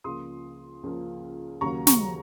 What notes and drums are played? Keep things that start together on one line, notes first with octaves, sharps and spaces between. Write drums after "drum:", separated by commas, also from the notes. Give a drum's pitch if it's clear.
C#2 C#3 F3 A#3 C6 D#6
C#2 C#3 F3 A#3
D#2 C#3 F#3 A#3 A#5 C#6
A#5 C#6, drum: snare